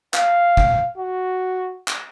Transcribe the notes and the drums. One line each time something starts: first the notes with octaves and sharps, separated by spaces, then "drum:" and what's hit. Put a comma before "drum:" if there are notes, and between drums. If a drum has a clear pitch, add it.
F5, drum: clap
drum: kick
F#4
drum: clap